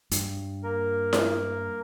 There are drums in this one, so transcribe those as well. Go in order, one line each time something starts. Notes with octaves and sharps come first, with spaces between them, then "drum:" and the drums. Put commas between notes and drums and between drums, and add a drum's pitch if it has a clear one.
G2, drum: hi-hat
A#3 A#4
drum: snare E4